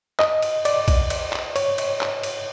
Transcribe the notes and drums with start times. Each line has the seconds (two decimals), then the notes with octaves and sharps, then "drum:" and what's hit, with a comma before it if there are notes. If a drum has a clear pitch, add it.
0.19 D#5, drum: clap
0.42 drum: cymbal
0.65 D5, drum: cymbal
0.88 drum: kick, cymbal
1.10 drum: cymbal
1.33 drum: clap
1.56 C#5, drum: cymbal
1.78 drum: cymbal
2.01 drum: clap
2.23 drum: cymbal